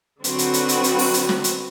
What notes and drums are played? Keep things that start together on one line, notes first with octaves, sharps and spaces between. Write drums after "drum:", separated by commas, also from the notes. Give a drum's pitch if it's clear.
D3 F#3 C4 F#4 B4, drum: hi-hat
drum: hi-hat
drum: hi-hat
drum: hi-hat
drum: hi-hat
drum: open hi-hat
drum: hi-hat
drum: snare
drum: hi-hat